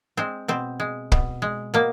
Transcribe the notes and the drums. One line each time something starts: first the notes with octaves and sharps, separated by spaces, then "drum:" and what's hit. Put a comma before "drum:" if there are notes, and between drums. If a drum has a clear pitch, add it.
G#3 C4
B2 C4
G#3
B2, drum: kick
G#3
B2 A#3